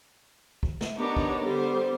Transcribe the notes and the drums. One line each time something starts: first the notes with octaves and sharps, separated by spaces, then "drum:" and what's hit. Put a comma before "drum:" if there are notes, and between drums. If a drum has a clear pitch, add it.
drum: kick
drum: snare
B3 D4 D#4 G4 A#4 C#5
drum: kick
D3 G3 B3 C5